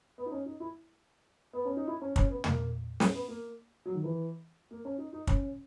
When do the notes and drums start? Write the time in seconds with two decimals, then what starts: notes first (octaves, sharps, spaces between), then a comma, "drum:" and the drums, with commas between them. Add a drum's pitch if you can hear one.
0.18 B3
0.26 D#4
0.32 C#4
0.46 D#4
0.60 E4
1.53 B3
1.65 C#4
1.76 D#4
1.87 E4
2.01 C#4
2.16 C#4, drum: kick
2.30 B3
2.44 A#3, drum: tom
3.00 C#4, drum: snare
3.14 B3
3.28 A#3
3.85 F#3
3.95 D#3
4.04 E3
4.71 A#3
4.85 C#4
4.98 D#4
5.13 D#4
5.27 C#4, drum: kick